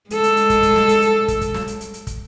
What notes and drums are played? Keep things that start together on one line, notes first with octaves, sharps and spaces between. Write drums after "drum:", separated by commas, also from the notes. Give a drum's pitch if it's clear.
G#3 A4, drum: hi-hat
drum: hi-hat
drum: hi-hat
drum: kick, hi-hat
drum: kick, hi-hat
drum: snare
drum: hi-hat
drum: hi-hat
drum: kick, hi-hat
drum: kick, hi-hat
drum: snare
drum: hi-hat
drum: hi-hat
drum: hi-hat
drum: kick, hi-hat